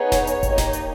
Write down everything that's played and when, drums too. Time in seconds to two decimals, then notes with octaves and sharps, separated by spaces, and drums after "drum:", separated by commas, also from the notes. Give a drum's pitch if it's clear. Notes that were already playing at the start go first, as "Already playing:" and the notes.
Already playing: B3 D#4 G#4 C#5
0.12 drum: snare E1
0.27 drum: hi-hat
0.43 A#3 D#4 G4, drum: kick G#1, hi-hat
0.58 drum: snare E1
0.73 drum: hi-hat